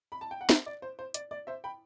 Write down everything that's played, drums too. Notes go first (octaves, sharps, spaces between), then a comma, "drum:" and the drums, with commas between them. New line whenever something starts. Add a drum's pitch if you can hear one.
B5
A5
G5
F#5
C5 E5, drum: snare
D5
C5
C5
D5, drum: hi-hat
D5
C5 E5
G5 B5